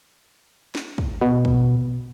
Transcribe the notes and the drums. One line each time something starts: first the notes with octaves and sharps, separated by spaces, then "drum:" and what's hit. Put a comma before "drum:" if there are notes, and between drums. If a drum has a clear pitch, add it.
drum: snare
drum: kick
B2
drum: kick